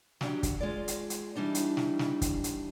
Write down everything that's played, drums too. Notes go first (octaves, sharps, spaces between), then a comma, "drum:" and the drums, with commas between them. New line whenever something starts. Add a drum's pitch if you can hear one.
F#3 D4 G4, drum: snare
drum: kick, hi-hat
G#3 F4 D5
drum: hi-hat
drum: hi-hat
E3 G3 D4 D#4
drum: hi-hat
drum: snare
drum: snare
drum: kick, hi-hat
drum: hi-hat